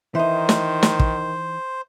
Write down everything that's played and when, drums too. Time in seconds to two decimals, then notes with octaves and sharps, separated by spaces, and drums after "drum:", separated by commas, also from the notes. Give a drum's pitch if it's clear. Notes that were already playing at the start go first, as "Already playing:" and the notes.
0.15 D#3 E3 D#4 C5 E5
0.49 drum: snare
0.83 drum: snare
0.99 drum: kick